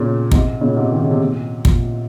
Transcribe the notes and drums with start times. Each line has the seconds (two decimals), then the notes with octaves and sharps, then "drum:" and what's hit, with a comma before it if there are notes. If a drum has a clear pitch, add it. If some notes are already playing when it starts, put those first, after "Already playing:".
Already playing: A#2 C#3
0.32 G#2 C3, drum: kick
0.61 A#2 C#3
0.76 G#2 C3
0.91 D#3
1.01 C#3
1.11 C3
1.20 A#2
1.65 A#2, drum: kick